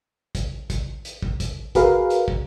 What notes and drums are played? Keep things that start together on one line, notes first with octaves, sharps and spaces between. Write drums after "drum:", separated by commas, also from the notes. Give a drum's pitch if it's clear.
drum: kick, hi-hat
drum: kick, hi-hat
drum: hi-hat
drum: kick
drum: kick, hi-hat
F#4 G#4 A#4 B4 F5, drum: kick, hi-hat
drum: hi-hat
drum: kick